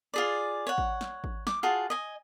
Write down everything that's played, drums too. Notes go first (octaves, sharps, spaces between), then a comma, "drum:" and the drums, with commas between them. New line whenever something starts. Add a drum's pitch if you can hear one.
F4 G#4 D5
C#5 F#5
drum: kick G#1
drum: snare
drum: kick G#1
D6, drum: snare
F4 F#4 G#4 A5
D#5 G#5